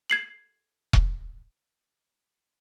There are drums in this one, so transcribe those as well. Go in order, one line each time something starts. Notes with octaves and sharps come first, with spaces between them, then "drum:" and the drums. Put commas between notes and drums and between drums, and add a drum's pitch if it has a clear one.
G#6 C7 F#7
drum: kick E1